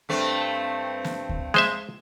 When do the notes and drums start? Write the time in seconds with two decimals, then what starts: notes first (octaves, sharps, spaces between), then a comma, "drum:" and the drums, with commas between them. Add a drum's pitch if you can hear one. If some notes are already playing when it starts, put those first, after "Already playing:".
0.09 G2 A3 C4
1.05 drum: snare
1.29 drum: kick D2
1.54 G#3 C5 E5, drum: snare